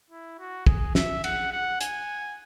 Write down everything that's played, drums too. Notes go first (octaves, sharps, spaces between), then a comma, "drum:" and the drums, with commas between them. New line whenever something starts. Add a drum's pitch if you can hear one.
E4
F#4
G#4, drum: kick
E5, drum: snare
F#5, drum: cymbal
F#5
G#5, drum: hi-hat